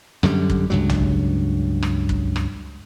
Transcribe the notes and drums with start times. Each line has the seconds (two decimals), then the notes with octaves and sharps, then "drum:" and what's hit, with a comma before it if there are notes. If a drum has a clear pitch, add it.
0.23 F#2 D3 G3, drum: rim click
0.50 drum: kick
0.70 C#2 G2 F#3
0.89 drum: tom A#1
1.83 drum: rim click
2.09 drum: kick
2.36 drum: rim click